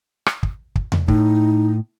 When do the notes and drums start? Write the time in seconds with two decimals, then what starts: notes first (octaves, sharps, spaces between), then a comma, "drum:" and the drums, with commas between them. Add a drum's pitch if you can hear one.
0.26 drum: rim click
0.43 drum: kick
0.75 drum: kick
0.92 drum: tom E2
1.08 A2 D#4, drum: kick